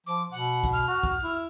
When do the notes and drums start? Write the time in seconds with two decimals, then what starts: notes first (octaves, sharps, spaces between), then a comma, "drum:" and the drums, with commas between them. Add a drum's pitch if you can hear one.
0.07 F3 D6
0.32 B2 F#5
0.64 drum: kick
0.73 F6
0.88 F#4
1.03 drum: kick
1.23 E4